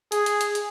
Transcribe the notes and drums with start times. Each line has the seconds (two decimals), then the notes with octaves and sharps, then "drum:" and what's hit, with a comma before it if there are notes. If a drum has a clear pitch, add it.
0.12 G#4, drum: hi-hat
0.26 drum: hi-hat
0.41 drum: hi-hat
0.55 drum: hi-hat